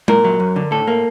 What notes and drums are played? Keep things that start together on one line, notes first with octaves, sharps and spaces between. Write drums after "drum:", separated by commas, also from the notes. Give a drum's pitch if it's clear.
A#2 A#4, drum: tom G#3
F#3
F#2
D3
A2 A4
A#3